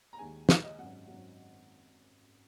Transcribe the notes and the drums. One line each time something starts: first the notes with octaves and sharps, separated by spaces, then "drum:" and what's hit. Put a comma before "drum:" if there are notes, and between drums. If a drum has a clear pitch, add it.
A#5
D#2 D#3 G#3 G#5
D#2 D#3 G#3, drum: snare
D#5
G#1 F#2 F#3 F#5
G#1 F#2 F#3